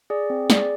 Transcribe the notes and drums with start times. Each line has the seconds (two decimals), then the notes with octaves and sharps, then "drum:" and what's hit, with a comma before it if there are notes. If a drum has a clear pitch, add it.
0.10 G#4 D5
0.30 C4
0.50 G#4 D5, drum: snare